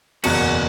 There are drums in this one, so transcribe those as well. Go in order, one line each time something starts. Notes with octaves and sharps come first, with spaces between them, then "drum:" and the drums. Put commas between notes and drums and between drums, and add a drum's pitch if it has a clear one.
F#1 E2 B2 C#4 F#4, drum: cymbal